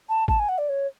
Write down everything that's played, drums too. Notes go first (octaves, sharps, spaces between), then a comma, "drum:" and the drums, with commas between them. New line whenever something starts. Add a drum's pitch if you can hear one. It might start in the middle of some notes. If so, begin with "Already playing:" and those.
A5
A5, drum: kick G#1
G#5
F#5
D5
C#5